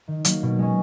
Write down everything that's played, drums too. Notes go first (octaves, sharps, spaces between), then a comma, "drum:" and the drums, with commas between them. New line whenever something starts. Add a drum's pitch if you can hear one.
D#3
F#3 A#3, drum: hi-hat
B2
G#3 C#4